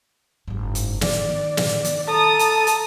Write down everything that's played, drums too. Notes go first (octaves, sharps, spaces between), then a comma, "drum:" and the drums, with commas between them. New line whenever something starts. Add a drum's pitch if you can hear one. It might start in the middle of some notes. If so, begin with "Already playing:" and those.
F#1 G#2
drum: hi-hat
D#3 D5, drum: snare
drum: snare
drum: hi-hat
A4 A5 A#5 D#6
drum: hi-hat
drum: hi-hat